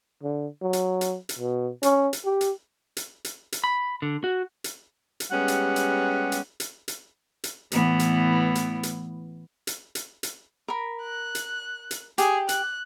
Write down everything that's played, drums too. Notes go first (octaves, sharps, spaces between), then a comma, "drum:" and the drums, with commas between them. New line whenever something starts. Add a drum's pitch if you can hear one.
D3
F#3
drum: hi-hat
drum: hi-hat
drum: hi-hat
B2
C#4, drum: hi-hat
drum: hi-hat
G4
drum: hi-hat
drum: hi-hat
drum: hi-hat
drum: hi-hat
B5
D3
F#4
drum: hi-hat
drum: hi-hat
G3 G#3 B3 C#4 G4 F#5
drum: hi-hat
drum: hi-hat
drum: hi-hat
drum: hi-hat
drum: hi-hat
drum: hi-hat
A2 E3 B3, drum: hi-hat
drum: hi-hat
drum: hi-hat
drum: hi-hat
drum: hi-hat
drum: hi-hat
drum: hi-hat
A#4 B5
F#6
drum: hi-hat
drum: hi-hat
G4 G#4, drum: hi-hat
F#6, drum: hi-hat